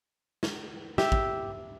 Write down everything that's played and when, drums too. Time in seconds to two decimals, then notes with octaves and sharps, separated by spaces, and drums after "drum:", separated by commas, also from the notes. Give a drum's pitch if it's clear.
0.43 drum: snare
0.98 G4 E5, drum: snare
1.12 drum: kick